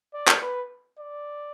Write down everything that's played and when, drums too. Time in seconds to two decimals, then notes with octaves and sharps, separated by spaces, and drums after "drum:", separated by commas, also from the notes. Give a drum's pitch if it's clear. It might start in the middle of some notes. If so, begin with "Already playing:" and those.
0.14 D5
0.28 drum: clap
0.42 B4
0.99 D5